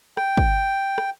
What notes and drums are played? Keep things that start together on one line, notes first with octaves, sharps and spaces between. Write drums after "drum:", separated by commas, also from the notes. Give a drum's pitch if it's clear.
G5, drum: rim click
drum: kick
drum: rim click